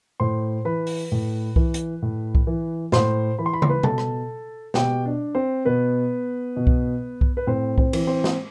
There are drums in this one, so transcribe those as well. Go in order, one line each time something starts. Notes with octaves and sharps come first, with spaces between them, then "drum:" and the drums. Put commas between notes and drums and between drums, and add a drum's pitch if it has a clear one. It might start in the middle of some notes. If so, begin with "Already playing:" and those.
A2 C5 C6
E3 B4 B5
drum: open hi-hat
A2
E3, drum: kick C2
drum: hi-hat
A2
drum: kick C2
E3
A2 C5 C6, drum: snare
E3 B5
C6
B5
C6, drum: tom
B4 B5
B2 A4 A5, drum: tom B2
drum: rim click
B2 G4 G5, drum: snare
D4 D5
C4 C5
B2 B3 B4
B2
drum: kick C2
drum: kick C2
B4
A2 C4 C5
C4 C5, drum: kick C2
E3, drum: cymbal
C4 C5
drum: snare